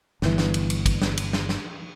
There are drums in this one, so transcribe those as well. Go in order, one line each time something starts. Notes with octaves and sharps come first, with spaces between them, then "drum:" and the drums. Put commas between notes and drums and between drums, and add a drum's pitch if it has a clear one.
G1 E3, drum: snare
drum: snare
drum: cymbal
drum: cymbal
drum: kick, cymbal
drum: snare
drum: cymbal
drum: snare
drum: snare